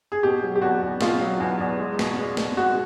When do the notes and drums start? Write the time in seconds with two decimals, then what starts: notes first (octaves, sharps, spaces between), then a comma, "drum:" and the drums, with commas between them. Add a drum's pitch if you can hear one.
0.12 G#4
0.23 B2 G4
0.43 F#3
0.56 G4
0.62 E2 F#4
0.82 E2
1.01 B2 F4, drum: snare
1.21 F#3
1.40 E2
1.60 E2
1.80 G#3
1.99 B2, drum: snare
2.18 G#3
2.37 B2, drum: snare
2.57 G#3 F#4